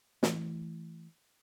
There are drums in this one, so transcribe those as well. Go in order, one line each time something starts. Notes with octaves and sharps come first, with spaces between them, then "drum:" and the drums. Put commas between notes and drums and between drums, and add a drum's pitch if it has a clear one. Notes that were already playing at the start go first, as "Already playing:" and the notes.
E3 A3, drum: snare